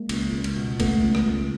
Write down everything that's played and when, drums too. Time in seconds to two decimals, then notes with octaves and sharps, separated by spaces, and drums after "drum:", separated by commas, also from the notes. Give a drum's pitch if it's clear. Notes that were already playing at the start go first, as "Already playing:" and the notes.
Already playing: G#3 A#3
0.09 C#2, drum: cymbal
0.33 C#2
0.44 drum: cymbal
0.56 B2
0.80 C#2 A3 B3, drum: kick, cymbal
1.03 C#2
1.15 drum: rim click
1.27 C#2